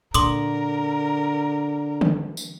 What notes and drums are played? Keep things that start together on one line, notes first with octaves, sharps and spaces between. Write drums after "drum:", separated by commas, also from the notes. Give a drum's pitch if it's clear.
A#2 D3 A#4 C6 D6 D#6, drum: hi-hat
drum: tom D3
drum: tambourine